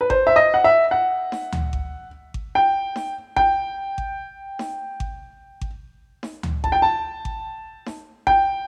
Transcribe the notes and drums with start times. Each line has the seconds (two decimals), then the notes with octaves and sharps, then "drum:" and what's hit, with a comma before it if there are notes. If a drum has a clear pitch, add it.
0.01 B4
0.10 C5, drum: kick G#1
0.27 E5
0.36 D#5
0.54 F#5
0.64 E5
0.91 F#5
1.32 drum: snare D#4
1.52 drum: tom D2
1.73 drum: kick G#1
2.34 drum: kick G#1
2.55 G5
2.96 drum: snare D#4
3.36 G5, drum: kick G#1
3.98 drum: kick G#1
4.59 drum: snare D#4
5.00 drum: kick G#1
5.61 drum: kick G#1
6.23 drum: snare D#4
6.43 drum: tom D2
6.64 A5, drum: kick G#1
6.72 G5
6.82 A5
7.25 drum: kick G#1
7.86 drum: snare D#4
8.27 G5, drum: kick G#1